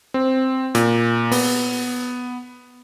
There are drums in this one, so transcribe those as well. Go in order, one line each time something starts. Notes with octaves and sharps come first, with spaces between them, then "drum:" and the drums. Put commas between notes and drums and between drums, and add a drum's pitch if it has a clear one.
C4
A#2, drum: hi-hat
B3, drum: open hi-hat